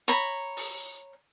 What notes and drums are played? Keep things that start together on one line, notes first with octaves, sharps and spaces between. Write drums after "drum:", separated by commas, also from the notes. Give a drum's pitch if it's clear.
C#5 A#5 B5
drum: open hi-hat